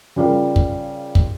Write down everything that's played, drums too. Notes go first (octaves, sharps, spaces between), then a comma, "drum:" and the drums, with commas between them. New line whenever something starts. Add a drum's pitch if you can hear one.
C#3 G3 F4 A#4
drum: kick
drum: kick